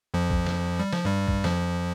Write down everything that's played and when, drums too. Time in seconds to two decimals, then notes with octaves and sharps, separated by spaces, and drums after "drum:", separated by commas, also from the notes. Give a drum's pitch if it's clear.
0.14 F2 F3
0.30 drum: kick A#1
0.47 drum: snare
0.79 G3
0.93 F3, drum: snare
1.05 G2 G3
1.28 drum: kick A#1
1.44 F2 F3, drum: snare